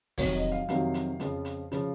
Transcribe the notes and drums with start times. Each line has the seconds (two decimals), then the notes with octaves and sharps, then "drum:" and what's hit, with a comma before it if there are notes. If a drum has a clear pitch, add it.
0.18 F2 C3 D#3 F#3 C#5, drum: kick, open hi-hat
0.35 D#5
0.52 F5
0.69 F2 C3 D#3 F#3 F5, drum: hi-hat
0.94 drum: hi-hat
1.20 F2 C#3 F3, drum: hi-hat
1.45 drum: hi-hat
1.72 C#3 F3, drum: hi-hat